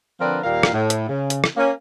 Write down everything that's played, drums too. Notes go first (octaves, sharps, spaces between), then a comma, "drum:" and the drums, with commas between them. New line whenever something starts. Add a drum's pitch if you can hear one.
D3 F3 C4 A#4 B4 D5
D#2 A#2 G3 A#4 F5
drum: rim click
A2
drum: hi-hat
C#3
drum: hi-hat
drum: rim click
A#3 C#4